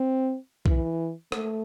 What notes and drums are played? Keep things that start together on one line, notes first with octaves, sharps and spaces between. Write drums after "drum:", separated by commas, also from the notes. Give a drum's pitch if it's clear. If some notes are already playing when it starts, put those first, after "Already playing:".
Already playing: C4
E3, drum: kick B1
A3, drum: rim click